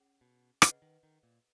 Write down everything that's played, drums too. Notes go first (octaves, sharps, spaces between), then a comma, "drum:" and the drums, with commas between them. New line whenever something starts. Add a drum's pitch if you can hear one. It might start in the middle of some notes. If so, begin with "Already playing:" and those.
Already playing: C#4 G#4 C#5 F#5
B2
C#3 G#4 B4 D#5 F#5, drum: rim click
D#3
D#3
A#2